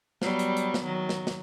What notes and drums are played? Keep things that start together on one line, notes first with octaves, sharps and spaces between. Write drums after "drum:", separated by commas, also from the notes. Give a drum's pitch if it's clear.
F#3 G3 B3, drum: snare
drum: hi-hat
drum: hi-hat
drum: snare
D#3 F#3
drum: snare
drum: snare